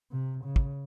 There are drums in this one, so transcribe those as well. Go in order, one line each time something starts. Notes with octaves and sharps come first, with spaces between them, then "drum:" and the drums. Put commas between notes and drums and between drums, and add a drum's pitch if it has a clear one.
C3
C#3
drum: kick